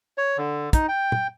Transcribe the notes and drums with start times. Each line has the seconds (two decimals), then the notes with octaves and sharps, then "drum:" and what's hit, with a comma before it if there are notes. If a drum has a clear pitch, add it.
0.18 C#5
0.37 D3
0.73 D#4, drum: kick, hi-hat
0.88 G5
1.12 drum: tom